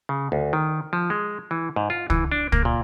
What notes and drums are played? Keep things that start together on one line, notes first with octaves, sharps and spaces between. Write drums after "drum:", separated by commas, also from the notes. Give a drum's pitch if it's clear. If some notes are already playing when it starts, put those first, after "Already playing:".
C#3
D2
D#3
F3
G#3
E3
G#2
F4
E3, drum: kick
D4
A#3, drum: kick
A#2